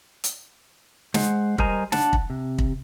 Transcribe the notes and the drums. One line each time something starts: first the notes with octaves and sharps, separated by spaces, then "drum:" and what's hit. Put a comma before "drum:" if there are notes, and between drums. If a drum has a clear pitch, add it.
drum: hi-hat
G#3 C5 F#5, drum: snare
G3 A#4 C5 D#5 G#5 A#5, drum: kick
D4 F#5 A5, drum: snare
drum: kick
C3
drum: kick